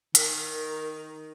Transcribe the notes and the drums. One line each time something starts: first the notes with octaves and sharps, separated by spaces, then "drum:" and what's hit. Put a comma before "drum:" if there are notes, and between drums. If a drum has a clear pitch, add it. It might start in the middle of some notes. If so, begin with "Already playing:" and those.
D#3 A#4, drum: hi-hat